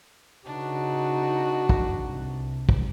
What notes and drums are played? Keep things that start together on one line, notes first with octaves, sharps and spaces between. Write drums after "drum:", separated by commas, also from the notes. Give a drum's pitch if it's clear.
C#3 D4 D#4 F#4 B4
drum: kick
C2
drum: kick